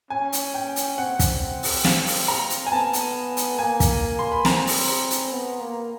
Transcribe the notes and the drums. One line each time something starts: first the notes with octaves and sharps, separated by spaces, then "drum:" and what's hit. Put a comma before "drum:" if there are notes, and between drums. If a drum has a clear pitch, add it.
C#4 G#5
drum: hi-hat
G5
drum: hi-hat
C4 F#5
drum: kick, hi-hat
drum: open hi-hat
F5, drum: snare
drum: open hi-hat
A#5
drum: hi-hat
G#5
B3 A5
drum: hi-hat
drum: hi-hat
A#3 G#5
drum: kick, hi-hat
C6
B5
C4 A#5, drum: snare
drum: open hi-hat
drum: hi-hat
B3
A#3